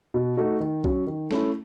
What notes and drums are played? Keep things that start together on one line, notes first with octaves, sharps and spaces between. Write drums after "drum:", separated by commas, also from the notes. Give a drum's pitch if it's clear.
B2
A3 D#4 F#4
D#3
F#3 C#4, drum: kick B1
D#3
A3 C#4 E4, drum: snare